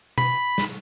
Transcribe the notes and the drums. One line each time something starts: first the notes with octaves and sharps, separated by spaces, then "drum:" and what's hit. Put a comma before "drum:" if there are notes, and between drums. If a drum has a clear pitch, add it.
B5, drum: tom
drum: snare